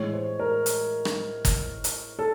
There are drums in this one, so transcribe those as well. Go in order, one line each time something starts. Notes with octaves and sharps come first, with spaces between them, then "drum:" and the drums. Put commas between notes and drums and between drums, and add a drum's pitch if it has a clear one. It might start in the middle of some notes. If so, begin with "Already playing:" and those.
Already playing: A2 E3 G#3 C#5
C5
A#4
drum: hi-hat
drum: rim click
drum: kick, hi-hat
drum: hi-hat
A4